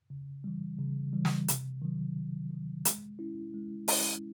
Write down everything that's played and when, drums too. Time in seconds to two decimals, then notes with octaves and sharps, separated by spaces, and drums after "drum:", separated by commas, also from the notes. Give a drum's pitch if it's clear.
0.10 C#3
0.44 E3 G3
0.79 C#3
1.13 E3 G3
1.25 drum: snare
1.48 C3, drum: hi-hat
1.82 D#3 F#3
2.16 C3
2.51 D#3 F#3
2.85 G#3, drum: hi-hat
3.19 C#4 E4
3.54 G#3
3.88 C#4 E4, drum: open hi-hat